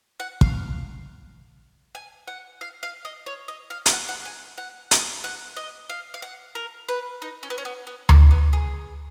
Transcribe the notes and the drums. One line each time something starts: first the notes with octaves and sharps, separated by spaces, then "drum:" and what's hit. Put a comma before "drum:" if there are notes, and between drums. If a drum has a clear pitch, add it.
F#5
F5, drum: kick
G#5
F#5
F5
F5
D#5
C#5
D#5
F5
F5, drum: hi-hat
F#5
F#5
G#5
F#5
D#5, drum: hi-hat
F#5
D#5
F5
F5
F#5
A#4
B4
D#4
C#4
B3
C#4
B3
B3
A#3, drum: tom D2
B3
G#4